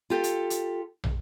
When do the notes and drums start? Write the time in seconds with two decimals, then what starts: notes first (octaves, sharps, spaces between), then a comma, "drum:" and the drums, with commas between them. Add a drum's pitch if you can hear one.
0.10 F4 G4 A4
0.24 drum: hi-hat
0.50 drum: hi-hat
1.04 drum: tom